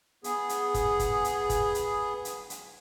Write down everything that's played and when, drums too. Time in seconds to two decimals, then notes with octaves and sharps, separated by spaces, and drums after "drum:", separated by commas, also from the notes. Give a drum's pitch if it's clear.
0.24 B3 G#4, drum: hi-hat
0.49 drum: hi-hat
0.74 drum: kick, hi-hat
0.99 drum: kick, hi-hat
1.24 drum: hi-hat
1.50 drum: kick, hi-hat
1.75 drum: hi-hat
2.25 drum: hi-hat
2.50 drum: hi-hat